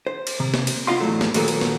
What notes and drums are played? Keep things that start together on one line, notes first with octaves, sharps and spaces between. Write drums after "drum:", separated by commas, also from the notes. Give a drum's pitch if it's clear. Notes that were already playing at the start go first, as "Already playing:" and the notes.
C5
drum: cymbal
C3
drum: snare
drum: cymbal
C2 B3 F4 D#5 F5 C6
E2 A2 C#3 F#3 A3
drum: snare
D#2 A#2 F#3 A#3 B3 A4, drum: cymbal
drum: cymbal
drum: snare